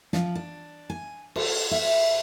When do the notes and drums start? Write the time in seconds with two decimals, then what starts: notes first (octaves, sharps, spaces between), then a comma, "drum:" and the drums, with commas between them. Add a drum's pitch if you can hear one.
0.13 F3, drum: snare
0.35 D4
0.90 G#5
1.36 A4, drum: cymbal
1.71 E5